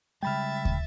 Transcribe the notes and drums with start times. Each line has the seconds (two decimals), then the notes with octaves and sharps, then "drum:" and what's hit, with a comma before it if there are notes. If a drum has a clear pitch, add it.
0.23 C#3 G3 G#3 E5 G5 B5 F6 A6
0.65 drum: kick